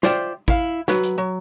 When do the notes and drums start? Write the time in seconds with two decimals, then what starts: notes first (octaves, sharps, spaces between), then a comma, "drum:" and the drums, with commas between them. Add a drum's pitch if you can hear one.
0.03 F4 C5 D5 E5 G5, drum: snare
0.48 E4 F5, drum: kick
0.88 F#3 B4, drum: snare
1.03 drum: hi-hat
1.18 F#3